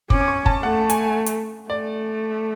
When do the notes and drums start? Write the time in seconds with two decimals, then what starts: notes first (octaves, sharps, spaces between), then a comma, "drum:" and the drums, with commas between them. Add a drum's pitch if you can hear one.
0.10 C#4 D6, drum: kick
0.21 D6
0.28 C#6
0.46 A5, drum: kick
0.63 A3 F#5
0.90 G#5, drum: hi-hat
1.26 drum: hi-hat
1.70 A3 D5